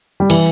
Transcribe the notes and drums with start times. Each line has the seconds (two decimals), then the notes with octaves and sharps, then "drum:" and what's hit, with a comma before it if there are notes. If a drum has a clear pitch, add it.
0.20 G3
0.30 E3, drum: cymbal